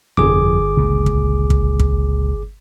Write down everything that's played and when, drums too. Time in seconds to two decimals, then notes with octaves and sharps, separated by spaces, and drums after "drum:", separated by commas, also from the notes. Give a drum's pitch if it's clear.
0.17 G1 F2 C3 F3 G#4 D6
0.77 C#2 A#2
1.06 drum: kick
1.50 drum: kick
1.79 drum: kick